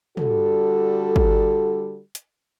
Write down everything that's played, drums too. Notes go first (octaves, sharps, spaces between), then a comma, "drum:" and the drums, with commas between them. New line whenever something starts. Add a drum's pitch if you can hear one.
D3 G3 F#4 A4, drum: tom
drum: kick
drum: hi-hat